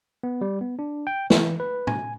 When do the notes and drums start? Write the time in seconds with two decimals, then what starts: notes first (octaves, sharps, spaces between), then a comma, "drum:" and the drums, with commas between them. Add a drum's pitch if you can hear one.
0.23 B3
0.41 G3
0.61 B3
0.79 D4
1.07 G5
1.30 E3, drum: snare
1.60 B4
1.87 G#5, drum: tom A2